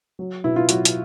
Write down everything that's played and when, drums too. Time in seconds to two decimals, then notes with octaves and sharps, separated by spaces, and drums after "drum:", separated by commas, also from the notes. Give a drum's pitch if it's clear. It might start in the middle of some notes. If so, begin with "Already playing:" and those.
0.19 F#3
0.44 B2 E4
0.56 F4
0.69 F#3 F#4, drum: hi-hat
0.85 drum: hi-hat